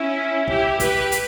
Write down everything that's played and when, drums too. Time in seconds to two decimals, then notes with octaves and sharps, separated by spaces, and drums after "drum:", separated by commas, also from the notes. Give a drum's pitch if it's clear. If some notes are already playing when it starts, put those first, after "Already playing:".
Already playing: C#4 E4
0.48 E4 G4, drum: kick
0.80 G4 B4, drum: kick, hi-hat
1.12 drum: hi-hat